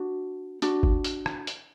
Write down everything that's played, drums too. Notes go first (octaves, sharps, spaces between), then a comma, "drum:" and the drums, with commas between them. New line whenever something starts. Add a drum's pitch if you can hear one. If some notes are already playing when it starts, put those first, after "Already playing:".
Already playing: D4 F#4
D4 F#4, drum: hi-hat
drum: kick G#1
drum: hi-hat
drum: rim click
drum: hi-hat